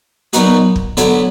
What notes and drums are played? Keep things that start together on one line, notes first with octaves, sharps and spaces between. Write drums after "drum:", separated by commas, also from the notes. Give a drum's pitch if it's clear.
A#2 F#3 B3 D#4 F#4, drum: hi-hat
drum: kick
D3 F#3 B3 E4, drum: hi-hat